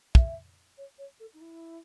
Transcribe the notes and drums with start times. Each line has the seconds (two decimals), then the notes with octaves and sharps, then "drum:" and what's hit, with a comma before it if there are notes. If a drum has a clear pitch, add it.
0.15 E5, drum: kick
0.77 C#5
0.98 C#5
1.19 A4
1.33 D#4
1.40 E4